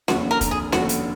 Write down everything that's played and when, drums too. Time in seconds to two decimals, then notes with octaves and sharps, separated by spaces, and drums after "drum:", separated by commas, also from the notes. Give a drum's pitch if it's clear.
0.08 F1 D#2 D3 F#4, drum: snare C#4
0.31 A#4
0.41 drum: kick, hi-hat
0.51 G#4
0.72 F1 D#2 D3 F#4, drum: snare C#4
0.89 drum: hi-hat